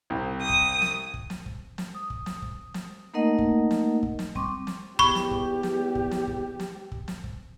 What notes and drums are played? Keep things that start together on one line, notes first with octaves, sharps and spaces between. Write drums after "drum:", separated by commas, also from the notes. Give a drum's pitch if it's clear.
C2
D#6
drum: kick
drum: snare
drum: kick
drum: snare
drum: kick
drum: snare
D#6
drum: kick
drum: snare
drum: kick
drum: snare
A3 A#3 D#4 A#4 D#5 F#5
drum: kick
drum: snare
drum: kick
drum: snare
G3 C4 C#6 D6, drum: kick
drum: snare
E2 G4 B5 C#6, drum: kick
drum: snare
drum: kick
drum: snare
drum: kick
drum: snare
drum: kick
drum: snare
drum: kick
drum: snare
drum: kick